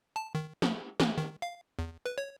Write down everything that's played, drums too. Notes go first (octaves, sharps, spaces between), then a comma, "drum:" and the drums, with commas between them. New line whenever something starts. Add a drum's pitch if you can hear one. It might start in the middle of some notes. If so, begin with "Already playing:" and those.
A5
D#3
F3, drum: snare
E3, drum: snare
D#3
F5
E2
B4
C#5